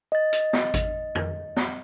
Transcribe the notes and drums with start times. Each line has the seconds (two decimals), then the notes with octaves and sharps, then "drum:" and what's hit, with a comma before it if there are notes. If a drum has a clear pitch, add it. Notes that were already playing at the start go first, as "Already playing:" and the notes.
0.12 D#5 A6
0.33 drum: hi-hat
0.53 drum: snare
0.74 drum: kick G#1, hi-hat
1.15 drum: tom F2
1.57 drum: snare